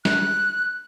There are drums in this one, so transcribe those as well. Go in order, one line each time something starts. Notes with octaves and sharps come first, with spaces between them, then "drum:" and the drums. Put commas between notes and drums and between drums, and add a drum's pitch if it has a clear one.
F#6, drum: snare